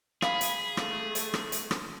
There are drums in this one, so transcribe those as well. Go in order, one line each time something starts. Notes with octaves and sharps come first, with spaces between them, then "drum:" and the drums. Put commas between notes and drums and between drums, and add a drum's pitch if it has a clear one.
G#4 F5 B5, drum: rim click
drum: hi-hat
A3, drum: rim click
drum: hi-hat
drum: rim click
drum: hi-hat
drum: rim click